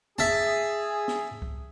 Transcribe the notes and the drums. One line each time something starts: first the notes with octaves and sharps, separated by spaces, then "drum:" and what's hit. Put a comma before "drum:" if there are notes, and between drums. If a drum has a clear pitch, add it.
G#4 E5 A5, drum: snare
drum: snare
drum: kick C2